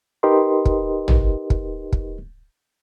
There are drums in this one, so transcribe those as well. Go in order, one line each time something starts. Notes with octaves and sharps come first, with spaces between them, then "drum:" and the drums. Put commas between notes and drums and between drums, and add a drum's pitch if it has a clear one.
D#4 G4 A#4 B4 D#5 C6
drum: kick
drum: tom
drum: kick
drum: kick